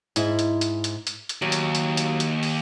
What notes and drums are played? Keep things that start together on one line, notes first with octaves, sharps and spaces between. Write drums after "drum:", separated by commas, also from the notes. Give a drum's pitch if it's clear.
G#2 E4, drum: hi-hat
drum: hi-hat
drum: hi-hat
drum: hi-hat
drum: hi-hat
drum: hi-hat
D#2 F#3
drum: hi-hat
drum: hi-hat
drum: hi-hat
drum: hi-hat
drum: open hi-hat